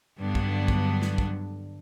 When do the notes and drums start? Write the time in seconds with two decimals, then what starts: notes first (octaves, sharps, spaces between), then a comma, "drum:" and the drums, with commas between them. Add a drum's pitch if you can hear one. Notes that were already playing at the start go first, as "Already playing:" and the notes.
0.18 G2 D3 F#3 B3 D4
0.35 drum: kick
0.68 drum: kick
1.02 drum: snare
1.18 drum: kick